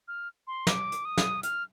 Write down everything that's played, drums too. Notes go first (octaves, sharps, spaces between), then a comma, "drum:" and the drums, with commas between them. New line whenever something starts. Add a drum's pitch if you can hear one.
F6
C6
D6, drum: snare
drum: hi-hat
D#6
drum: snare
F6, drum: hi-hat